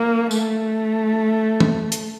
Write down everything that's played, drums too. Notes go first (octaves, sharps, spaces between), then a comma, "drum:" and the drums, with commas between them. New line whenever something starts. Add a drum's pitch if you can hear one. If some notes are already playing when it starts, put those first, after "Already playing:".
Already playing: A#3
A3, drum: tambourine
drum: tom
drum: hi-hat